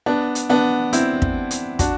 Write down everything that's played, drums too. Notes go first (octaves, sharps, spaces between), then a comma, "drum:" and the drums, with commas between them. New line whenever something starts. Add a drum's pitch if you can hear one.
B3 D4
drum: hi-hat
B3 D4
C4 E4, drum: hi-hat
drum: kick
drum: hi-hat
D4 F#4, drum: kick, hi-hat